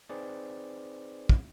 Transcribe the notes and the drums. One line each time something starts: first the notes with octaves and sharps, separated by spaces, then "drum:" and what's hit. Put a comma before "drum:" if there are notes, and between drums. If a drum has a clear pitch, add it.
C4 D#4 G#4 B4 C5 D5
drum: kick